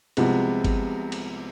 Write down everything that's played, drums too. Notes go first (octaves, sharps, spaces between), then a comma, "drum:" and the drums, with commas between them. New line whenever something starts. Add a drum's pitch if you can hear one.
C2 C3 F3 G#3 B3, drum: cymbal
drum: kick G1, cymbal
drum: cymbal